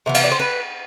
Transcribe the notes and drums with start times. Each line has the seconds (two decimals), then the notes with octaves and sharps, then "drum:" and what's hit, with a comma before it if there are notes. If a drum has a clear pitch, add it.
0.06 C3 E3 B3
0.14 F5, drum: cymbal
0.24 D5
0.31 C5
0.39 B4